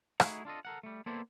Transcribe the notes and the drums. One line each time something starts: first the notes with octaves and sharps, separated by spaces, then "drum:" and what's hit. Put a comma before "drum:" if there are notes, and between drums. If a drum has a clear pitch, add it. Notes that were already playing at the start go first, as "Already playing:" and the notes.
A3 D#4 E4 F#4 G#4, drum: rim click
D4 F4 A4 D#5
A4 A#4 F#5
G3 A3
A#3 B3 E4 A4 C5 D5